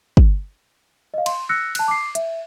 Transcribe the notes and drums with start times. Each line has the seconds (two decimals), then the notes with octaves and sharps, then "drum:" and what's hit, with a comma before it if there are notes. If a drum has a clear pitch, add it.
0.17 drum: kick
1.14 D#5 F5
1.26 C6, drum: cymbal
1.49 E6 F#6 A#6 C#7
1.75 A5 F#6, drum: cymbal
1.88 D6 C7
2.15 E5, drum: hi-hat